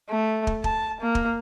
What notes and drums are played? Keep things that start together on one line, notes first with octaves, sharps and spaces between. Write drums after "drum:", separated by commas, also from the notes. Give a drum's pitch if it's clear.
A3
drum: kick
A5, drum: kick
A#3
drum: kick